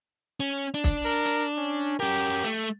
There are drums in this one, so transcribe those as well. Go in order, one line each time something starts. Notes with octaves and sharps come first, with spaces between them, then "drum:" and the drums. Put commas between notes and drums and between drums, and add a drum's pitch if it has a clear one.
C#4
D4
drum: kick, hi-hat
A#4
drum: hi-hat
C#4
C#4 G4 A#4
A3, drum: hi-hat